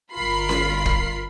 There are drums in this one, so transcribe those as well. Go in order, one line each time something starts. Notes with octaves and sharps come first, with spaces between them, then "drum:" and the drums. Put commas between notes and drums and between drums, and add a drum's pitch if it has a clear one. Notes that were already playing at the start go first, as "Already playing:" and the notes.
G1 F4 A#4 B5 C7
drum: snare C#4
drum: kick